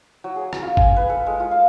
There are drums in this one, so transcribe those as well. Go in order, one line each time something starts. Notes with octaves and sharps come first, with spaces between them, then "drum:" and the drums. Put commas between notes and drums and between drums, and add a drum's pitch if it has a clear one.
F#3
G#4
drum: rim click
F4
G#5, drum: kick G#1
B4
A4
G#3
F4
F5